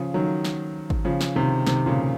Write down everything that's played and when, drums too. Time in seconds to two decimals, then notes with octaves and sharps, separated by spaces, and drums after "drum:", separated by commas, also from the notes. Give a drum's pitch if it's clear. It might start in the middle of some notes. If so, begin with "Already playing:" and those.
Already playing: C#3 F3
0.14 D#3 F#3
0.45 drum: snare
0.90 drum: kick G#1
1.05 C#3 F3
1.21 drum: snare
1.35 C3 D#3
1.66 C3 D#3, drum: snare
1.86 A#2 C#3